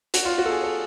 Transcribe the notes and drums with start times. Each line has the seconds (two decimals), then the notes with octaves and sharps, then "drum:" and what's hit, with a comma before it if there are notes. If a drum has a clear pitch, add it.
0.14 F#4, drum: hi-hat
0.25 F4
0.38 F#4
0.46 A4
0.50 G#4
0.63 A4